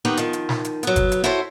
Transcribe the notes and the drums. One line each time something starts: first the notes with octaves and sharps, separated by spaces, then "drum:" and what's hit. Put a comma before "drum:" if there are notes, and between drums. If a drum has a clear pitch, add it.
D#3 B3 D#4 G4
D#3 F3, drum: hi-hat
drum: hi-hat
drum: snare
drum: hi-hat
F#3 B3, drum: hi-hat
drum: kick, hi-hat
drum: hi-hat
E4 F#4 A4 C5 C#5